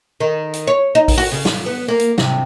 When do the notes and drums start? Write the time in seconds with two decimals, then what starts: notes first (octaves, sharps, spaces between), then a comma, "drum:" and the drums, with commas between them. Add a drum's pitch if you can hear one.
0.20 D#3
0.53 drum: hi-hat
0.67 C#5
0.95 D#4
1.08 drum: kick A#1, open hi-hat
1.18 F#4
1.32 C#3
1.45 F4, drum: snare
1.66 B3
1.88 A#3
1.99 drum: hi-hat
2.18 C3, drum: snare